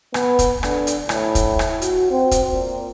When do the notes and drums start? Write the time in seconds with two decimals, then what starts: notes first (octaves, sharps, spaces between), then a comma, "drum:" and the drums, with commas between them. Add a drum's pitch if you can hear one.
0.14 B3, drum: rim click
0.39 drum: kick, hi-hat
0.63 D3, drum: rim click
0.87 drum: hi-hat
1.09 A2, drum: rim click
1.35 drum: kick, hi-hat
1.59 drum: rim click
1.82 F#4, drum: hi-hat
2.11 C4
2.31 drum: kick, hi-hat
2.52 A#2